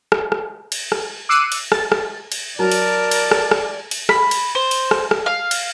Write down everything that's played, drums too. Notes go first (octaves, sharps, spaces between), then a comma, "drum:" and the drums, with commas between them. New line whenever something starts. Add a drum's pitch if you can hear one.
drum: rim click
drum: rim click
drum: cymbal
drum: rim click
D6 E6 F#6 C7 C#7 D#7
drum: cymbal
A6, drum: rim click
drum: rim click
drum: cymbal
F#3 A#4 D5 A5
drum: cymbal
drum: cymbal
drum: rim click
drum: rim click
drum: cymbal
B5, drum: rim click
drum: cymbal
C5
drum: cymbal
drum: rim click
drum: rim click
F5
drum: cymbal